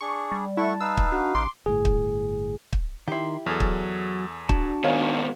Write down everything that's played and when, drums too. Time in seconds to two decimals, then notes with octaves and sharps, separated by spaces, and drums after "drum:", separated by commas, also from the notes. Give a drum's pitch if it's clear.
0.01 D4 G#4 C#6
0.32 G3
0.57 A3 E4 F#5 A5 C#6
0.81 D#4 B4 F5 E6
0.97 drum: kick
1.12 D4 F#4
1.35 A1 C6 D6
1.66 G1 A2 G#4
1.85 drum: kick
2.73 drum: kick
3.08 D#3 E4 G4 C6
3.46 E2 F#3 G#4 A4 F6
3.60 drum: kick
4.49 D4 F#4 A5, drum: kick
4.84 G#2 B2 D#3 C#5 F5 G#5